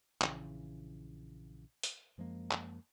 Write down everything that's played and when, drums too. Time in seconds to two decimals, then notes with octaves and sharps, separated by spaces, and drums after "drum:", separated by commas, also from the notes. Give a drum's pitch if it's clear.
0.21 A#1 C#3 E3, drum: clap
1.83 drum: hi-hat
2.18 F#2 F3 G#3 A#3
2.51 drum: clap